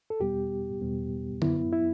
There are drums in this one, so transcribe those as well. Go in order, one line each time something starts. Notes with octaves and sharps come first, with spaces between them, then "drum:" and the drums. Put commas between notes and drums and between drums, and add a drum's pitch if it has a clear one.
A4
E2 B2 G3 B3 G4
E2 B2 G3 B3
F#2 F#3 B3 E4, drum: tom D3
E4